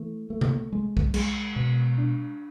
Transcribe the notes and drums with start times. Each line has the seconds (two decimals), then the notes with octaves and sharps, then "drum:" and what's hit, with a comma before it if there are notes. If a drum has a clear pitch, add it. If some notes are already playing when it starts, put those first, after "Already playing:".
Already playing: E3 A3
0.30 A3
0.41 drum: tom C3
0.72 G#3
0.97 drum: kick A#1
1.14 G#3, drum: cymbal
1.56 B2
1.98 D4